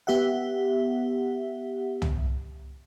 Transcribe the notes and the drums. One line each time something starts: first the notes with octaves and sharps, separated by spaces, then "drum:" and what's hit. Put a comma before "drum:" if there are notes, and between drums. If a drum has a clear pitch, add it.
B3 G4 E5 F#5
drum: tom